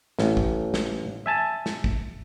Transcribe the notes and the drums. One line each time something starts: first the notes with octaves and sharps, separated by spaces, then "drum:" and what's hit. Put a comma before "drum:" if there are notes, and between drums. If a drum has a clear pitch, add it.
A1, drum: snare
drum: kick
drum: snare
E5 G#5 A5
drum: snare
drum: kick